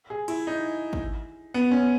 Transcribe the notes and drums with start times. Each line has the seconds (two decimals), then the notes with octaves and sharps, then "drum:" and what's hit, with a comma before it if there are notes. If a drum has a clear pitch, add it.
0.10 G#4
0.28 E4, drum: cymbal
0.47 D#4
0.93 drum: kick
1.54 B3
1.71 C#4